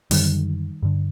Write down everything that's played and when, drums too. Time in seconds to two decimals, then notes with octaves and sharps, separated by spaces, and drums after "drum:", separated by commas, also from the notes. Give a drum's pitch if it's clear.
0.11 F#2 D3 D#3 G3, drum: open hi-hat
0.83 G2 D3